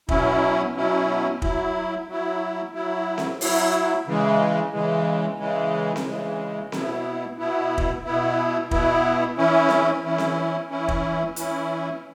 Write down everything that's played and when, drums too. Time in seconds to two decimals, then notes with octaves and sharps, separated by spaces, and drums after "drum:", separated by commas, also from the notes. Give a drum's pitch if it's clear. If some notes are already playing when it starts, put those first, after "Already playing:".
0.09 B2 F#3 C#4 E4, drum: kick
0.76 B2 F#3 C#4 E4
1.42 F#3 E4, drum: kick
2.08 F#3 E4
2.74 F#3 E4
3.18 drum: snare C4
3.41 F#3 E4, drum: open hi-hat
4.07 C#3 E3 G#3
4.73 C#3 E3 G#3
5.39 C#3 E3 G#3
5.96 drum: snare C4
6.06 C#3 E3 G#3
6.72 B2 B3 E4, drum: snare C4
7.38 B2 B3 E4
7.78 drum: kick
8.05 B2 B3 E4
8.71 B2 B3 E4, drum: kick
9.37 E3 C#4 E4
9.69 drum: snare C4
10.04 E3 C#4 E4
10.18 drum: snare C4
10.70 E3 C#4 E4
10.88 drum: kick
11.36 E3 C#4 E4, drum: hi-hat